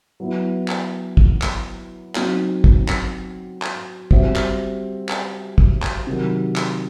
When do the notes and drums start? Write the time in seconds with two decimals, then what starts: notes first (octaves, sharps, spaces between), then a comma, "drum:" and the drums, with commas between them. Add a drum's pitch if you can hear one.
0.20 F#3 B3 E4
0.68 drum: clap
1.17 drum: kick
1.42 drum: clap
2.15 F#3 C4 D#4 F#4, drum: clap
2.64 drum: kick
2.89 drum: clap
3.62 drum: clap
4.11 G3 C4 F#4 C5 E5, drum: kick
4.35 drum: clap
5.09 drum: clap
5.58 drum: kick
5.82 drum: clap
6.07 C3 D#3 F#3
6.56 drum: clap